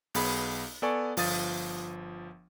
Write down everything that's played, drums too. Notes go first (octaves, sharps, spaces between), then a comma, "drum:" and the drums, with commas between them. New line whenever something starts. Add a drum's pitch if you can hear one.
B1 B3 G#4 B5, drum: open hi-hat
B3 A4 D5 G#5 C#6
G1 F3 F5 D#6 A6, drum: open hi-hat